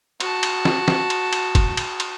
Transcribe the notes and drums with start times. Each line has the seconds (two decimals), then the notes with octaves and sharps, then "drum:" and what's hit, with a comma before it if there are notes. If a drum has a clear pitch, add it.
0.20 F#4 A5, drum: cymbal
0.43 drum: cymbal
0.65 drum: snare
0.88 drum: snare
1.10 drum: cymbal
1.33 drum: cymbal
1.55 drum: kick, cymbal
1.77 drum: cymbal
2.00 drum: cymbal